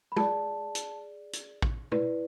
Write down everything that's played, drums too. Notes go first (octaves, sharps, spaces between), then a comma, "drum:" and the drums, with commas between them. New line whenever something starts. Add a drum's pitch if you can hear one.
B5
G#4 D5 A5, drum: tom
drum: hi-hat
drum: hi-hat
drum: kick
E4 B4 D5, drum: tom